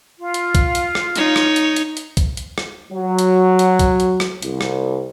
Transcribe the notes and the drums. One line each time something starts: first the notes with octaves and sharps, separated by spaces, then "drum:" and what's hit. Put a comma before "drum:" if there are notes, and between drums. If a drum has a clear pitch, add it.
F4
drum: hi-hat
drum: kick B1, hi-hat
drum: hi-hat
drum: rim click
D#4 C#5, drum: hi-hat
drum: rim click
drum: hi-hat
drum: hi-hat
drum: hi-hat
drum: kick B1, hi-hat
drum: hi-hat
drum: rim click
F#3
drum: hi-hat
drum: hi-hat
drum: kick B1, hi-hat
drum: hi-hat
drum: rim click
C2, drum: hi-hat
drum: rim click